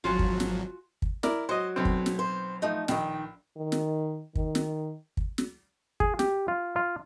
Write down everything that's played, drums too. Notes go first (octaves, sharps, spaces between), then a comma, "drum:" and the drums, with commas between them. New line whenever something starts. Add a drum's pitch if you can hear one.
G#1 F3 F#3 F4 F#4 G#5
drum: kick
drum: snare
drum: kick
E4 A#4 D5, drum: snare
F#3 C5 D#5
B1 C4
drum: kick
drum: snare
C5
F3 A3 D#4
A#1 D#3 G5, drum: snare
D#3
drum: snare
D#3, drum: kick
drum: snare
drum: kick
drum: snare
G#4, drum: kick
G4, drum: snare
F4
F4